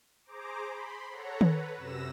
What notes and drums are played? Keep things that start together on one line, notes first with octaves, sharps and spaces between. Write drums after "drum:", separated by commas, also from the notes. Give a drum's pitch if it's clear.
G#4 C5 A#5 D6
B5 C6
A4 C#5 F#5 A#5
B4, drum: tom D#3
F#2 C3 E6 A#6 E7